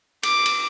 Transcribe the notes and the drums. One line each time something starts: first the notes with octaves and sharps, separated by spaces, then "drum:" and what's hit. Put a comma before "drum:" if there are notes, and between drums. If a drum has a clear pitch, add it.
D6, drum: cymbal
drum: cymbal